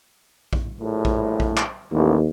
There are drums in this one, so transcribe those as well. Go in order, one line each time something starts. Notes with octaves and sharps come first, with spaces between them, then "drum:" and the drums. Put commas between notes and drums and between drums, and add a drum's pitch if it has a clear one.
drum: kick A#1
A#1 A2
drum: kick A#1
drum: kick A#1
drum: clap
A1 D#2